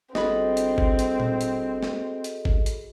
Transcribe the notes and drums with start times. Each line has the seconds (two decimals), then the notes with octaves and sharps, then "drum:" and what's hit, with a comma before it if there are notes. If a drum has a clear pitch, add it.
0.15 G1 C4 F#4 G#4 A4 D#5 B5, drum: snare
0.57 drum: hi-hat
0.78 drum: kick G#1
0.99 drum: hi-hat
1.20 drum: tom A#2
1.41 drum: hi-hat
1.83 drum: snare
2.24 drum: hi-hat
2.45 drum: kick G#1
2.66 drum: hi-hat